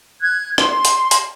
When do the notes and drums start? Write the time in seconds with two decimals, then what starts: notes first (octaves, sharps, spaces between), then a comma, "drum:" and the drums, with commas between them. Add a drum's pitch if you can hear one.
0.21 F#6 G#6
0.58 C6, drum: rim click
0.85 drum: hi-hat
1.11 drum: hi-hat